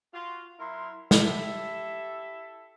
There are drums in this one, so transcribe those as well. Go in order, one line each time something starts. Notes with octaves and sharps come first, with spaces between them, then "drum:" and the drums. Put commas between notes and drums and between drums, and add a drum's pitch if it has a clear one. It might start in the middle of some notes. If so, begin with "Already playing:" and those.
F4 F#4
F#3 E4 A#4 C6
E4 G4 A4 E5, drum: snare